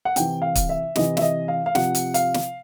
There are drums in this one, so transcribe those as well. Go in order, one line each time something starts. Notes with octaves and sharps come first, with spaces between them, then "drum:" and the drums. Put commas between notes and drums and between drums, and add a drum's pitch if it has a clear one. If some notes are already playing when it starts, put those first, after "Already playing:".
F#5
C3 E3 G5, drum: hi-hat
F5
drum: kick, hi-hat
E5
C3 E3 D#5, drum: snare
E5, drum: snare
D#5
F5
F5
C3 F3 F#5, drum: snare
drum: hi-hat
F5, drum: hi-hat
drum: snare